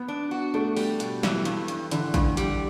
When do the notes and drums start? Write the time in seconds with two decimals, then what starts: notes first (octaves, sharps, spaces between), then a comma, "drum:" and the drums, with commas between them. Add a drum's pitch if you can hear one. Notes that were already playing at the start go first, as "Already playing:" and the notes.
Already playing: B3
0.08 D4
0.31 F#4
0.54 A3 D4
0.77 G3, drum: open hi-hat
1.00 B2, drum: hi-hat
1.23 E3, drum: snare
1.45 G2, drum: hi-hat
1.68 G2, drum: hi-hat
1.91 D3 E3, drum: hi-hat
2.14 G2, drum: kick A1, hi-hat
2.37 G3, drum: hi-hat